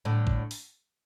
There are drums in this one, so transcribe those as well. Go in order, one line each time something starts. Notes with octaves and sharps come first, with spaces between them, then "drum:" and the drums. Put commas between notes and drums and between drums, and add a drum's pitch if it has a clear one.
A2 D3
drum: kick G#1
drum: open hi-hat